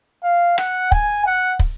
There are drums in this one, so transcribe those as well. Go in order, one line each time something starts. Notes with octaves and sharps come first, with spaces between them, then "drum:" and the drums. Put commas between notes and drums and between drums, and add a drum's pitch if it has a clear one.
F5
F#5, drum: rim click
G#5, drum: kick
F#5
drum: kick